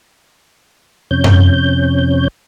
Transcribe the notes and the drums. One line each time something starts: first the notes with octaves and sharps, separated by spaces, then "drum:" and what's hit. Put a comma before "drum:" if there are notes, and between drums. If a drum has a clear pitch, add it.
F2 C3 C#4 G6
drum: tom F#2